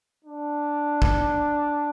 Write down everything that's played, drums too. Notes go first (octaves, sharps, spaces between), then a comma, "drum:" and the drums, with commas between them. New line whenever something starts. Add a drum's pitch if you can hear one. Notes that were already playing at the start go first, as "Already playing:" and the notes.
D4
drum: kick